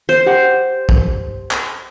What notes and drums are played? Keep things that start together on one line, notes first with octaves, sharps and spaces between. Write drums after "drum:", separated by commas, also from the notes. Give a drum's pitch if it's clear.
C5
G4 F#5
drum: kick
drum: clap